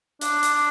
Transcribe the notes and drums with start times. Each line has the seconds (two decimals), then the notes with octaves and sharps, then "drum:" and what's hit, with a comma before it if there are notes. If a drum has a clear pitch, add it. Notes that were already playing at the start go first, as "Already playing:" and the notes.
0.21 D4, drum: hi-hat
0.43 drum: hi-hat
0.53 D4